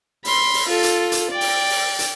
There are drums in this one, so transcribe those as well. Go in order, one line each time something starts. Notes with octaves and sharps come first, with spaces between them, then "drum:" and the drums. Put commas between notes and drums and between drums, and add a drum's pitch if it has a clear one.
B5 C6, drum: open hi-hat
drum: open hi-hat
F4 A4
drum: hi-hat
drum: hi-hat
D5 G5
drum: open hi-hat
drum: open hi-hat
drum: hi-hat